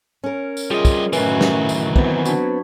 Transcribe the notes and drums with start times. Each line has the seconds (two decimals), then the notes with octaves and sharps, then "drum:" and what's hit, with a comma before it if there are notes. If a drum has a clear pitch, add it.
0.24 C#4 A#4
0.57 drum: tambourine
0.71 G3 F4 G#4 D#5
0.85 drum: kick, tambourine
1.13 F#2 A2 D#3 E3 F#4 B4, drum: tambourine
1.41 drum: snare
1.69 drum: tambourine
1.96 F#3 B3 C4, drum: kick
2.25 D4 F#4, drum: tambourine